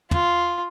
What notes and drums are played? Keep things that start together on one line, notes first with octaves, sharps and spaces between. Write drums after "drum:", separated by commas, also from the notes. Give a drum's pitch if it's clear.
F4, drum: tom